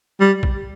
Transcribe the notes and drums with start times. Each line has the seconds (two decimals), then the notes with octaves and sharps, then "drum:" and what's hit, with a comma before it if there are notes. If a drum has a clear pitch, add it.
0.20 G3
0.43 drum: kick A#1